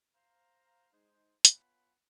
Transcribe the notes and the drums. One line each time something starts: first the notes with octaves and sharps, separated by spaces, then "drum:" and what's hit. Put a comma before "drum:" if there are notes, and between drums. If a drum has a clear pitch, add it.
C5 F5 A#5
G#3 D#4 C5
B3 F4 C#5 F#5 G#5 B5, drum: hi-hat